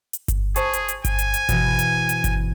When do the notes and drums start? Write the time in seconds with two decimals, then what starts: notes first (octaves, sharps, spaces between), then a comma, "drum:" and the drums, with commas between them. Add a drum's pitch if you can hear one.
0.13 drum: hi-hat
0.28 drum: kick G1, hi-hat
0.56 G#4 C5 A5 C#6, drum: hi-hat
0.73 drum: hi-hat
0.88 drum: hi-hat
1.05 G#5, drum: kick G1, hi-hat
1.19 drum: hi-hat
1.34 drum: hi-hat
1.49 B2 E3, drum: kick G1, hi-hat
1.79 drum: hi-hat
2.09 drum: hi-hat
2.24 drum: kick G1, hi-hat